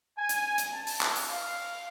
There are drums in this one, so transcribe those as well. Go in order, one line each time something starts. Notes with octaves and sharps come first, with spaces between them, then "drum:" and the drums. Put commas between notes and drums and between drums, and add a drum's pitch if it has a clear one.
G#5
drum: hi-hat
drum: hi-hat
A5
drum: open hi-hat
drum: clap
drum: open hi-hat
F5